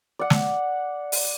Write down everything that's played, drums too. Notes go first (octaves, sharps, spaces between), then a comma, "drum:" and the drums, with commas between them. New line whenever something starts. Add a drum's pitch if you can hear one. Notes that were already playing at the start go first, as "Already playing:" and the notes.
D5 F#5
drum: snare
drum: open hi-hat